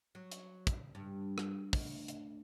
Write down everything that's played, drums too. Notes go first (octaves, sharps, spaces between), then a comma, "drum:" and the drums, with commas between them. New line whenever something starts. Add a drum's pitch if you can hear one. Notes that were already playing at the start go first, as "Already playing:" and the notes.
F#3
drum: hi-hat
drum: kick, hi-hat
G2
drum: rim click
D2, drum: kick, open hi-hat
drum: hi-hat